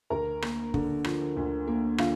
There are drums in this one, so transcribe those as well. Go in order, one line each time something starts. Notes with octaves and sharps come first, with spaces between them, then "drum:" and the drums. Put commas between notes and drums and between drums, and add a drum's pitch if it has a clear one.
D2 A#4 A#5
A#3, drum: rim click
D3, drum: kick
F3, drum: rim click
D2
A#3
D3 F4 F5, drum: rim click